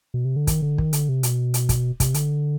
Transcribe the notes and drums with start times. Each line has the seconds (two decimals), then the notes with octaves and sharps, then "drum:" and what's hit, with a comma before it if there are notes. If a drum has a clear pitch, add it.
0.14 B2
0.25 C3
0.36 D3
0.47 D#3, drum: kick, hi-hat
0.62 D3
0.78 D#3, drum: kick
0.93 D3, drum: hi-hat
1.09 C3
1.23 B2, drum: hi-hat
1.54 drum: hi-hat
1.69 drum: kick, hi-hat
2.00 C3, drum: kick, hi-hat
2.14 D3, drum: hi-hat